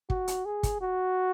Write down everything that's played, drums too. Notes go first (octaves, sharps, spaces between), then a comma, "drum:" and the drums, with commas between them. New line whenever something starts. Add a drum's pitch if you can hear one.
F#4, drum: kick
drum: hi-hat
G#4
drum: kick, hi-hat
F#4